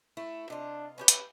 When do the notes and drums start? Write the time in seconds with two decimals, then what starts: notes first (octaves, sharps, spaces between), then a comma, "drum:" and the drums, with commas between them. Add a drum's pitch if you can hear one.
0.17 A3 E4
0.50 C3 D4 F4 D#5
0.98 C#4 D4 G4 B4
1.08 drum: hi-hat